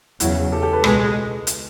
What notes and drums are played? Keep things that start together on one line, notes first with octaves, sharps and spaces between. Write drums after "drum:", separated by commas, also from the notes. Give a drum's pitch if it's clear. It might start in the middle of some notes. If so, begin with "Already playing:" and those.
E2 C#3 F#3 E4 F#4, drum: hi-hat
G4 A4
G4 A4
A4 B4
C#2 B2 G#3 A4 B4, drum: rim click
drum: hi-hat